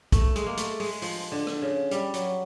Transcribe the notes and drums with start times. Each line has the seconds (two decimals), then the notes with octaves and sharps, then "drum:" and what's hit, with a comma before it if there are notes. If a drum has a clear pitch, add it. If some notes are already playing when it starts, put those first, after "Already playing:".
0.12 A3, drum: kick, hi-hat
0.36 G#3, drum: hi-hat
0.46 A#3
0.57 A3, drum: hi-hat
0.80 G#3, drum: open hi-hat
1.02 F3, drum: open hi-hat
1.32 D3
1.47 drum: rim click
1.62 C#3
1.91 G3, drum: hi-hat
2.14 F#3, drum: hi-hat